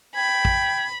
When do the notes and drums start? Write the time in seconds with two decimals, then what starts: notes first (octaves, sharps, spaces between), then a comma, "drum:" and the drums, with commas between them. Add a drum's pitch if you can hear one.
0.15 G5 B5 G#6
0.45 drum: kick